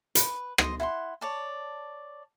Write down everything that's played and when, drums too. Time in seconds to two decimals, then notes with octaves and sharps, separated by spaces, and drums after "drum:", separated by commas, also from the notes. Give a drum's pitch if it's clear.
0.15 B4, drum: hi-hat
0.58 C5 D#5 C6, drum: rim click
0.80 E4 F#5 G5 C6
1.21 C#5 D5 A5